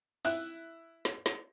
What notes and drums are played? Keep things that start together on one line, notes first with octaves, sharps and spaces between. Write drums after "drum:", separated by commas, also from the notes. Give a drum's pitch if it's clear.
E4 E5 F#6, drum: open hi-hat
drum: snare
drum: snare